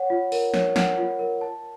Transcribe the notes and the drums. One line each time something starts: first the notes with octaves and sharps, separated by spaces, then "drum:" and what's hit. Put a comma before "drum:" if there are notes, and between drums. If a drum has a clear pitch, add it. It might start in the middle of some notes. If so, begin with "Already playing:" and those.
Already playing: C#5 F#5
F4
A#4, drum: open hi-hat
C#5, drum: snare
F#5, drum: snare
F4
A#4
A5